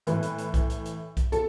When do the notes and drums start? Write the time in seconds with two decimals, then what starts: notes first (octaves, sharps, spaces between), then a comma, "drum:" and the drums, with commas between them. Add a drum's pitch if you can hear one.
0.07 A2 E3 B4, drum: hi-hat
0.22 drum: hi-hat
0.38 drum: hi-hat
0.54 drum: kick, hi-hat
0.70 drum: hi-hat
0.85 drum: hi-hat
1.17 drum: kick, hi-hat
1.32 A4, drum: hi-hat